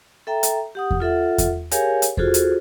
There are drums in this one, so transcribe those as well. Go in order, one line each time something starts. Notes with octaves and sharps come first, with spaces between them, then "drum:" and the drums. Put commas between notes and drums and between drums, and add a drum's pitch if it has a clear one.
A4 E5 G5 A#5
drum: hi-hat
G4 F#5 D#6
drum: kick E2
F4 A4 E5 F#5
drum: kick E2, hi-hat
G4 G#4 A#4 C#5 F5 G#5, drum: hi-hat
drum: hi-hat
F4 F#4 G#4 A4 C5, drum: kick E2
drum: hi-hat